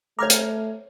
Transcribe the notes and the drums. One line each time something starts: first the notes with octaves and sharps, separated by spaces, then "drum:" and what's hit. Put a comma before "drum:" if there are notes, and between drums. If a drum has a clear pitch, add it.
A3 C#5 A#5 D6 F6 G#6
drum: hi-hat